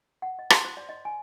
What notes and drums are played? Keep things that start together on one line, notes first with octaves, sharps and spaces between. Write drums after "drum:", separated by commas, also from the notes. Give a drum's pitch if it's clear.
F#5
D#5
C6, drum: rim click
C5
D5
D#5
G#5